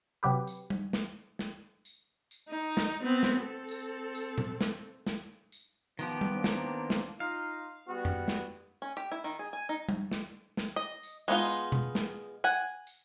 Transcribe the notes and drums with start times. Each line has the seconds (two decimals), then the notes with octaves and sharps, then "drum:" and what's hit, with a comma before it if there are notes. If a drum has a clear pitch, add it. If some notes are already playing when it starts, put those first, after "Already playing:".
0.23 C3 F#3 G4 B4
0.47 drum: tambourine
0.70 drum: tom G3
0.93 drum: snare
1.39 drum: snare
1.85 drum: tambourine
2.31 drum: tambourine
2.49 D#4
2.77 drum: snare
3.02 B3 C4
3.23 drum: snare
3.41 C4 A4
3.69 drum: tambourine
4.15 drum: tambourine
4.38 drum: tom A#2
4.61 drum: snare
5.07 drum: snare
5.52 drum: tambourine
5.99 D#3 F3 B3 G4, drum: tambourine
6.21 drum: tom G3
6.35 A#3 C4 D4
6.44 drum: snare
6.90 drum: snare
7.20 D#4 F4 F5
7.88 G3 B3 F#4
8.05 drum: tom F2
8.28 drum: snare
8.82 C#4
8.97 G4
9.12 E4
9.24 D#3
9.39 G#4
9.53 G#5
9.69 D#4
9.89 drum: tom G3
10.11 drum: snare
10.57 drum: snare
10.76 D#5
11.03 drum: tambourine
11.28 G#3 B3 D#4 F4
11.49 drum: tambourine
11.72 drum: tom B2
11.95 drum: snare
12.44 F#5 G#5
12.87 drum: tambourine